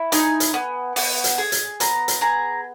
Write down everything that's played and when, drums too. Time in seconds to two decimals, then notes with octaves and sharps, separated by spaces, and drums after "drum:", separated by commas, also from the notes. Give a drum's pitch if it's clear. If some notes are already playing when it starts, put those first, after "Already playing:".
Already playing: E4
0.12 D#4 G#5, drum: hi-hat
0.40 drum: hi-hat
0.54 B3
0.96 B3, drum: open hi-hat
1.24 drum: hi-hat
1.38 G#4
1.52 drum: hi-hat
1.80 B3 A#5, drum: hi-hat
2.08 drum: hi-hat
2.21 G#4 A#5